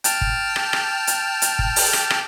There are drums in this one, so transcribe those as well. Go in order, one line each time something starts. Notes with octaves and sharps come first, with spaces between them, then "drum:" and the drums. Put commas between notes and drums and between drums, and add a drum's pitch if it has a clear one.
G5 A5 F6, drum: hi-hat
drum: kick
drum: rim click
drum: rim click
drum: hi-hat
drum: hi-hat
drum: kick
drum: open hi-hat
drum: rim click
drum: rim click